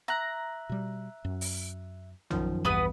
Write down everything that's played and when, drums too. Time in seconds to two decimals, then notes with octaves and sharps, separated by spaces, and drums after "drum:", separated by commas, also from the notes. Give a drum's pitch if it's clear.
0.08 E5 A#5 F#6
0.69 B2 G3
1.25 F#2
1.41 drum: open hi-hat
2.31 F#2 D#3 F3, drum: tom A#1
2.65 A#1 E2 G2 B3 B4 D#6